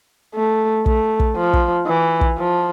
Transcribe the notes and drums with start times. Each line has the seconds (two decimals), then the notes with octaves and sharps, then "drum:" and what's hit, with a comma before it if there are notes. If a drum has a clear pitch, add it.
0.35 A3
0.86 A3, drum: kick
1.20 drum: kick
1.36 F3
1.53 drum: kick
1.87 E3
2.21 drum: kick
2.38 F3